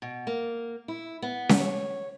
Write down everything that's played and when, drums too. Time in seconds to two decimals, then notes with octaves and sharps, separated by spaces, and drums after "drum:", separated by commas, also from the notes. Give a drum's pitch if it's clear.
0.02 B2
0.27 A#3
0.88 E4
1.22 B3
1.49 drum: snare C#4
1.60 C#5